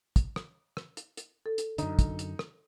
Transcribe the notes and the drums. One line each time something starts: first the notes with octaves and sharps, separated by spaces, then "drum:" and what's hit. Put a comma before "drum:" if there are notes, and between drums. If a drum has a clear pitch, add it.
drum: kick, hi-hat
drum: rim click
drum: rim click
drum: hi-hat
drum: hi-hat
A4
drum: hi-hat
F#2 D3 D#4, drum: hi-hat
drum: kick, hi-hat
drum: hi-hat
drum: rim click